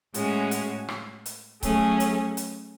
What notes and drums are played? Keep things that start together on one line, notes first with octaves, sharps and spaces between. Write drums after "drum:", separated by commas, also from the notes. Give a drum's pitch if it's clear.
A2 G#3 C#4 F#4, drum: hi-hat
drum: hi-hat
drum: rim click
drum: hi-hat
F#3 A3 C#4 G#4, drum: kick C#1, hi-hat
drum: hi-hat
drum: hi-hat